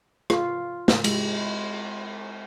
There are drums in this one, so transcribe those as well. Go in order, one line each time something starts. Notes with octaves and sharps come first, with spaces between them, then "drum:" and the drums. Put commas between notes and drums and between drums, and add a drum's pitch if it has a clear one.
F4, drum: rim click
drum: snare
G#3, drum: cymbal